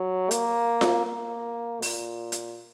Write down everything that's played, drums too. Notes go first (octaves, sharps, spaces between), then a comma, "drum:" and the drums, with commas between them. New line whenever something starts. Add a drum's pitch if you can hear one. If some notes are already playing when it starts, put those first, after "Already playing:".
Already playing: F#3
A#3, drum: hi-hat
drum: snare F4
A#3
A#2, drum: open hi-hat
drum: hi-hat